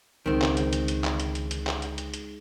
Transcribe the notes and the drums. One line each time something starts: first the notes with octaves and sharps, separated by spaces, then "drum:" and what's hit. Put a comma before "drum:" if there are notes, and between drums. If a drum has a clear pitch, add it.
C#2 D3 D#3 G#3 C4 D#4 G#4
drum: clap
drum: hi-hat
drum: hi-hat
drum: hi-hat
drum: clap
drum: hi-hat
drum: hi-hat
drum: hi-hat
drum: clap
drum: hi-hat
drum: hi-hat
drum: hi-hat